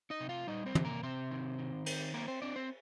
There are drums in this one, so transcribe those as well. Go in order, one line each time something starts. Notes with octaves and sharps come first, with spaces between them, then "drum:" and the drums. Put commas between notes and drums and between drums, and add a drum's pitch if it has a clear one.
D#4 D#5
C3
F4 F5
G3 D#4 D#5
C4 C5
C3, drum: tom
A#3 A#4
C3 C4 C5
D#3
D#3
C4, drum: cymbal
A#3 C4 A#4
C4 C5
C4 D4 D5
C4 C5